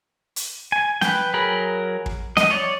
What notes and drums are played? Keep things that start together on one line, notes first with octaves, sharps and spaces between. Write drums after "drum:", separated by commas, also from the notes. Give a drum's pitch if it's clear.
drum: hi-hat
G#5
B4 G5, drum: snare
F#3 G#4 A#4 B5
drum: kick
D#5, drum: snare
C#5 D5